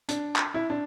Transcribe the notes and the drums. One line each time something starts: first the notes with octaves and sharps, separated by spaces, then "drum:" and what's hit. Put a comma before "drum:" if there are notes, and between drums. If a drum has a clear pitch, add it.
D4, drum: hi-hat
drum: clap
E4
D4